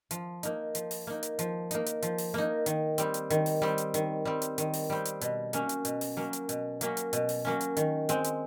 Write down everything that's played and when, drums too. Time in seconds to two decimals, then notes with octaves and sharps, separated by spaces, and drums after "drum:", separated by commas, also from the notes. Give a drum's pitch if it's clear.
0.11 F3, drum: hi-hat
0.43 A#3 D#4, drum: hi-hat
0.75 F3, drum: hi-hat
0.91 drum: open hi-hat
1.07 A#3 D#4
1.23 drum: hi-hat
1.39 F3, drum: hi-hat
1.71 A#3 D#4, drum: hi-hat
1.86 drum: hi-hat
2.02 F3, drum: hi-hat
2.18 drum: open hi-hat
2.34 A#3 D#4
2.66 D#3, drum: hi-hat
2.98 G3 C4, drum: hi-hat
3.14 drum: hi-hat
3.30 D#3, drum: hi-hat
3.46 drum: open hi-hat
3.62 G3 C4
3.78 drum: hi-hat
3.94 D#3, drum: hi-hat
4.25 G3 C4
4.42 drum: hi-hat
4.58 D#3, drum: hi-hat
4.74 drum: open hi-hat
4.90 G3 C4
5.05 drum: hi-hat
5.21 B2, drum: hi-hat
5.53 F#3 A#3 C#4, drum: hi-hat
5.69 drum: hi-hat
5.85 B2, drum: hi-hat
6.01 drum: open hi-hat
6.17 F#3 A#3 C#4
6.33 drum: hi-hat
6.49 B2, drum: hi-hat
6.81 F#3 A#3 C#4, drum: hi-hat
6.97 drum: hi-hat
7.13 B2, drum: hi-hat
7.29 drum: open hi-hat
7.45 F#3 A#3 C#4
7.61 drum: hi-hat
7.77 D#3, drum: hi-hat
8.09 G#3 C4, drum: hi-hat
8.24 drum: hi-hat